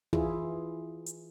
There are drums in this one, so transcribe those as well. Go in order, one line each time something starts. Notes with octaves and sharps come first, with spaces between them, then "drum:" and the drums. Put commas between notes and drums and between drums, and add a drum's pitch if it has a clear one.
E3 E4 F4 G#4, drum: kick
drum: hi-hat